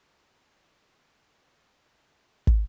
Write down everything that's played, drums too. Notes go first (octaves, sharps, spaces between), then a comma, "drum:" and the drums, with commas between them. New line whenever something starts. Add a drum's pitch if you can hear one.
G3 A3 C#4 G4
drum: kick